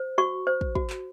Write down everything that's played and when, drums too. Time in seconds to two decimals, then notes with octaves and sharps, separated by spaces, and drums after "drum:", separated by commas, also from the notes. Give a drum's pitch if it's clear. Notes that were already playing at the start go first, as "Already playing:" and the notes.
Already playing: C5
0.18 F#4 C#6
0.47 C5
0.61 drum: kick
0.75 F#4, drum: kick
0.90 drum: clap